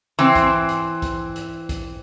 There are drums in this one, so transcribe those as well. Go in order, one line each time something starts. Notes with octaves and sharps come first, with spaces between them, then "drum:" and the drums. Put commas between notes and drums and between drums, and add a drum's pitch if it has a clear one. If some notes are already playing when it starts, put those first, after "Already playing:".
E3 C4
drum: kick, hi-hat
drum: hi-hat
drum: kick, hi-hat
drum: hi-hat
drum: kick, hi-hat